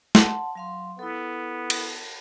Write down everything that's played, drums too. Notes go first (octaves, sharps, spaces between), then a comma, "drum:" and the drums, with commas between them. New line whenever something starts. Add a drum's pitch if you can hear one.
F#5 A5 C6, drum: snare
F#3 F5 C6
B3 E4 A4
drum: cymbal